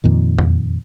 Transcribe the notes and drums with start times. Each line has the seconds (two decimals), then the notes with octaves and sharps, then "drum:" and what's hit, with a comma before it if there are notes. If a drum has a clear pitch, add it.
0.04 F2 A#2 D#3
0.38 drum: tom E2